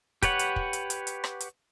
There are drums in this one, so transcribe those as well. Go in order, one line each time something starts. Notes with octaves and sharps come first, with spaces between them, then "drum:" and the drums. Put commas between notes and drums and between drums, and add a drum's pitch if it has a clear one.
G4 B4 C#5 F#5, drum: kick, hi-hat
drum: hi-hat
drum: kick
drum: hi-hat
drum: hi-hat
drum: hi-hat
drum: rim click
drum: hi-hat